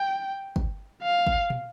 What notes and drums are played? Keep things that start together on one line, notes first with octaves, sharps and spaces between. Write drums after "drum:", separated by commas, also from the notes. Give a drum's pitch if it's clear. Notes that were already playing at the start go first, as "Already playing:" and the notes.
Already playing: G5
drum: kick
F5
drum: kick
drum: tom